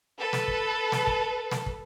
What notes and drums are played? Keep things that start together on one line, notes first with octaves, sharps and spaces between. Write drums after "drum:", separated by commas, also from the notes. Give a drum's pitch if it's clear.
A4 B4
drum: snare
drum: kick
drum: snare
drum: kick
drum: snare
drum: kick